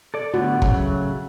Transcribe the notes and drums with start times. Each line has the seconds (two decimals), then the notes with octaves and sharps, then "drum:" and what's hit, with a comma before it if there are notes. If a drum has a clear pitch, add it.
0.14 A4 D5
0.34 A2 D3 B3 F#4
0.62 C#3 F#3 A3, drum: kick